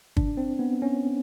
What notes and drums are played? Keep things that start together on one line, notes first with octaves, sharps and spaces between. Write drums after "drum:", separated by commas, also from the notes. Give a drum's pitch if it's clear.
D4, drum: kick
C4
B3
C#4